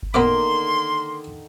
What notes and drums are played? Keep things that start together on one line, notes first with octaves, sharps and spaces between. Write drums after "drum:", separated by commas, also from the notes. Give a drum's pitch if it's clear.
drum: kick G1
D3 D#3 A#3 B3 C5 C6 D6